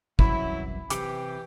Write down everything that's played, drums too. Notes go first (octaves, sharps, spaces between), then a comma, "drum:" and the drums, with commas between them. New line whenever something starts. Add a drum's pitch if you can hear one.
C2 F#2 E3 F#3 E4 B5, drum: kick
C3 E3 G4 D6, drum: hi-hat